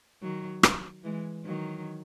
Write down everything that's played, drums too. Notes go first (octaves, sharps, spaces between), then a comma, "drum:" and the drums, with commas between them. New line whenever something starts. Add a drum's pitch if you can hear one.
D#3 F#3
drum: rim click
E3 G#3
D#3 F#3